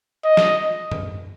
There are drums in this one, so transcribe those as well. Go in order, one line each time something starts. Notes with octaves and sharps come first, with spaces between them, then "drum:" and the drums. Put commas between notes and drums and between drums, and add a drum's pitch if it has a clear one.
D#5
drum: snare
drum: tom F#2